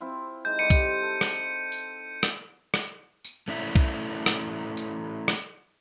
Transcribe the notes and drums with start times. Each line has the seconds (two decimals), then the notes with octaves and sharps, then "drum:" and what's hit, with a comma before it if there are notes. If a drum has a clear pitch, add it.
0.01 C4 E4 F4
0.45 G#3 D#4 D#5 G6
0.59 G3 A4 C5 C#7 D#7
0.70 drum: kick, tambourine
1.03 A4
1.21 drum: rim click
1.72 drum: tambourine
2.23 drum: rim click
2.74 drum: rim click
3.25 drum: tambourine
3.48 A3 C#4 E4 D5 E5
3.75 drum: kick, tambourine
4.26 drum: rim click
4.77 drum: tambourine
5.28 drum: rim click